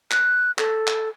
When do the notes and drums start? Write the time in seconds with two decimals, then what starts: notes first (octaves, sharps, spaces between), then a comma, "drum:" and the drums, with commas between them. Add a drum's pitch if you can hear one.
0.11 F#6, drum: clap
0.59 A4, drum: clap
0.87 drum: clap